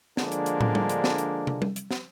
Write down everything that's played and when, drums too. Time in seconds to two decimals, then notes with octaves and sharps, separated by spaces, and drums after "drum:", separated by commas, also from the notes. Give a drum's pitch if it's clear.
0.17 D3 F3 G#3 A#3 D4, drum: snare
0.32 drum: hi-hat
0.46 drum: hi-hat
0.61 drum: tom
0.75 drum: tom G3
0.89 drum: hi-hat
1.04 drum: snare
1.18 drum: hi-hat
1.47 drum: tom
1.62 drum: tom G3
1.76 drum: hi-hat
1.91 drum: snare